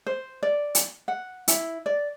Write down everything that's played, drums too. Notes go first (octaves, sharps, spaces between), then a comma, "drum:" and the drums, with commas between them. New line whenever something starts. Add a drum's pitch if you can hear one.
C5
D5
drum: hi-hat
F#5
E4, drum: hi-hat
D5